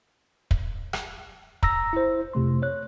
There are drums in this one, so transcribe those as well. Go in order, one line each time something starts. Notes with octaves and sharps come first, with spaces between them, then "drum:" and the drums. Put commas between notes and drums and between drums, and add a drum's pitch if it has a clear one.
drum: kick
drum: rim click
A#5 E6 A#6, drum: kick
E4 C5
F2 C3 A3 C6
C#5 F#6